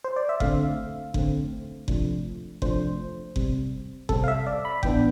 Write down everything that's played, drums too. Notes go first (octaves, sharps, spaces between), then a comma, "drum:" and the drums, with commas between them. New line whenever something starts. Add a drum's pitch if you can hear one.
C5
D5
E5
D3 A3 C4 F5, drum: kick F#1
D3 A3 C4, drum: kick F#1
C3 F3 A3 D4, drum: kick F#1
C3 F3 A3 D4 C5, drum: kick F#1
C3 G3 C4, drum: kick F#1
C3 G3 C4 A4, drum: kick F#1
F5
E5
D5
B5
A2 E3 B3 D4 G5, drum: kick F#1